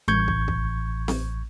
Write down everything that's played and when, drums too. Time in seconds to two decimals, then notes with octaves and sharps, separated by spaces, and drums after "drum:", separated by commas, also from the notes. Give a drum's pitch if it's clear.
0.08 A1 C#6 G6 G#6, drum: tom G3
0.28 drum: kick
0.48 drum: kick
1.08 drum: snare C4